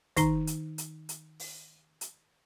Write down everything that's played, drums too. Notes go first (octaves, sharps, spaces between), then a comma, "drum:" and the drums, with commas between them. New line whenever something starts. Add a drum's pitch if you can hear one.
D#3 D#4 A#5, drum: kick, hi-hat
drum: hi-hat
drum: hi-hat
drum: hi-hat
drum: open hi-hat
drum: hi-hat